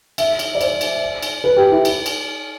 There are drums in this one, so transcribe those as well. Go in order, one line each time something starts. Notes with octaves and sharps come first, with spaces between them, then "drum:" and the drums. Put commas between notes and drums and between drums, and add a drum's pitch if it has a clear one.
E5, drum: cymbal
drum: cymbal
D5
C5, drum: cymbal
drum: cymbal
drum: cymbal
B4
G4
E4
drum: cymbal
drum: cymbal